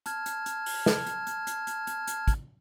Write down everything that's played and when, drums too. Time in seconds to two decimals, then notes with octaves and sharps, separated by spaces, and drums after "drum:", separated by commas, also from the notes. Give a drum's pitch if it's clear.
0.06 A5 F6 G#6, drum: hi-hat
0.26 drum: hi-hat
0.46 drum: hi-hat
0.66 drum: open hi-hat
0.86 drum: snare
1.07 drum: hi-hat
1.27 drum: hi-hat
1.47 drum: hi-hat
1.67 drum: hi-hat
1.87 drum: hi-hat
2.07 drum: hi-hat
2.28 drum: kick, hi-hat